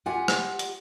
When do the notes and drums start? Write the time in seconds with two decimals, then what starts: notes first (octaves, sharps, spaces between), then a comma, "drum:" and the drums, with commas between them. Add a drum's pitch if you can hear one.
0.06 F4 G4 F#5 G#5
0.28 drum: rim click
0.59 drum: hi-hat